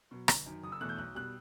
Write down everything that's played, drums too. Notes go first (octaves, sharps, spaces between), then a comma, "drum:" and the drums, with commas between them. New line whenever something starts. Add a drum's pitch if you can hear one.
B2 F#3
G1, drum: rim click
F#2 D#3
F#1 D#6
E6
E2 B2 A3 F#6
G6
B1 F#6
B2 G3 F#6